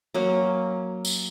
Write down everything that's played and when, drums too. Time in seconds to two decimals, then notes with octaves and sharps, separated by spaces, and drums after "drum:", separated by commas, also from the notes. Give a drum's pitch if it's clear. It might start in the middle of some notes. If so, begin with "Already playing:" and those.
0.14 F#3 A#3 C#4
1.05 drum: tambourine